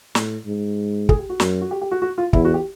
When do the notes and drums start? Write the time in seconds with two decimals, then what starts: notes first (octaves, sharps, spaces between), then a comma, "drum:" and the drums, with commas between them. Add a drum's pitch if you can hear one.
0.15 A2, drum: snare
0.45 G#2
1.09 G#4, drum: kick
1.19 G4
1.30 F#4
1.40 F#2, drum: snare
1.61 F#4
1.71 G4
1.81 G4
1.91 F#4
2.02 F#4
2.18 F4
2.33 E2 E4, drum: kick
2.45 F#4
2.54 G4